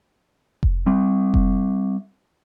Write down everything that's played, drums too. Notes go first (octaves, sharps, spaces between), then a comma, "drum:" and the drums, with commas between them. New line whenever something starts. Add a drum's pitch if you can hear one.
drum: kick F1
G3 C4
drum: kick F1